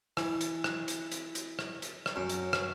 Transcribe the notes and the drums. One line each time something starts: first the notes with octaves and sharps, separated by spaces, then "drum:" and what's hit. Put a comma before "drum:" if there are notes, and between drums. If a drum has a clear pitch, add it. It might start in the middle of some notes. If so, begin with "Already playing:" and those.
E3, drum: rim click
drum: hi-hat
drum: rim click
drum: hi-hat
drum: hi-hat
drum: hi-hat
drum: rim click
drum: hi-hat
drum: rim click
F#2
drum: hi-hat
drum: rim click